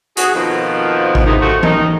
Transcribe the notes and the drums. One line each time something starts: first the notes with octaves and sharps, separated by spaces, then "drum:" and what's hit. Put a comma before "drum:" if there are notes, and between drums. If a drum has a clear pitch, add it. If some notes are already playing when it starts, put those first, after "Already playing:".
F#4 G#4, drum: hi-hat
F2 B2 D#3 F3
drum: kick A1
C3 D#3 B3 D#4 E4 G#4
A3 F#4 C5
D#3 D#4, drum: tom E3